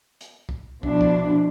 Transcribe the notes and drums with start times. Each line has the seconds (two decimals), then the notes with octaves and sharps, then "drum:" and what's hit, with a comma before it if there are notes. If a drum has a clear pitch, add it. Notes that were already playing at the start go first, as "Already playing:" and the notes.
0.21 drum: hi-hat
0.49 drum: kick
0.83 B2 F3 D4 E4, drum: kick
1.01 drum: kick